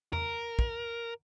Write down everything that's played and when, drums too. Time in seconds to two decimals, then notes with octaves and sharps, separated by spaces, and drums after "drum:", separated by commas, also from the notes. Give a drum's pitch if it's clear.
0.13 A#4, drum: tom E2
0.59 drum: kick